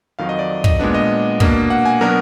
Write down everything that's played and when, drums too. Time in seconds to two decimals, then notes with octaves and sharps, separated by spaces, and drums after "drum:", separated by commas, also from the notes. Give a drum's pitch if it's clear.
0.19 F2 D#3 F#3 F5
0.29 D#5
0.39 D5
0.64 D#5, drum: kick
0.79 A#2 G#3 B3 D4
0.94 D#5
1.40 B2 A#3 D4, drum: kick
1.70 F#5
1.85 G#5
2.01 B2 F#3 B3 D4 A#4